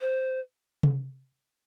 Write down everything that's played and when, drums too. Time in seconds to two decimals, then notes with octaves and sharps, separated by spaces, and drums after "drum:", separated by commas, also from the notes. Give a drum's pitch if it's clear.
0.01 C5
0.83 drum: tom C3